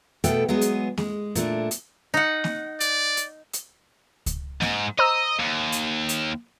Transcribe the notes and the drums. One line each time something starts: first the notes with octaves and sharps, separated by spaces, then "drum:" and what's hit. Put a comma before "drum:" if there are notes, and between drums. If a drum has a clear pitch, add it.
B2 A3 A4 B4 G5, drum: hi-hat
F#3 G#3 B3 G#4
drum: hi-hat
G#3, drum: snare A#3
A#2 A3 D4, drum: hi-hat
drum: hi-hat
D#4 F#5
drum: snare A#3
D5, drum: hi-hat
drum: hi-hat
drum: hi-hat
drum: kick C#2, hi-hat
G#2, drum: snare A#3
C5 D#5 A#5 E6
D#2
drum: hi-hat
drum: hi-hat